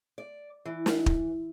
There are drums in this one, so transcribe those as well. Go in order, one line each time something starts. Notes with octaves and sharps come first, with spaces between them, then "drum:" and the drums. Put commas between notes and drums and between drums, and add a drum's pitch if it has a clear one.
D5
E3
drum: snare
drum: kick